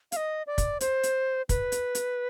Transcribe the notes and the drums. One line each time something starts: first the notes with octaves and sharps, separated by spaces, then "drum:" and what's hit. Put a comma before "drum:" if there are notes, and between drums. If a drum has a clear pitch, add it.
F5, drum: hi-hat
D#5
D5
drum: kick, hi-hat
C5, drum: hi-hat
drum: hi-hat
B4, drum: kick, hi-hat
drum: hi-hat
drum: hi-hat